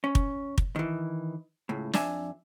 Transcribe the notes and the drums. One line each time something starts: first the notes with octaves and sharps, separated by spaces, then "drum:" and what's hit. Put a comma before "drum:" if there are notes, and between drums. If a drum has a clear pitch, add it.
C#4
drum: kick
drum: kick
D#3 E3
C#2 A2
F2 D4 E5 G#5, drum: snare